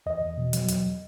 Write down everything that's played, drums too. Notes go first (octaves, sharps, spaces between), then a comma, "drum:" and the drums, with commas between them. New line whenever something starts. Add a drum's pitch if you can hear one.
E2 D#5
E2
B2
F#3, drum: hi-hat
E2, drum: hi-hat